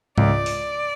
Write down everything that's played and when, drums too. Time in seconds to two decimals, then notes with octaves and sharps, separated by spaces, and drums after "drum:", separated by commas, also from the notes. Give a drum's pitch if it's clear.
0.18 C#2 D5, drum: tom G#2
0.46 drum: open hi-hat